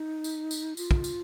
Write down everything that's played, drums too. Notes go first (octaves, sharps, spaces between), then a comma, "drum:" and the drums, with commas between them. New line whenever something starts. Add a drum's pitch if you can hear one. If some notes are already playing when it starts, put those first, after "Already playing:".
Already playing: D#4
drum: tambourine
drum: tambourine
F4, drum: tambourine
drum: kick
drum: tambourine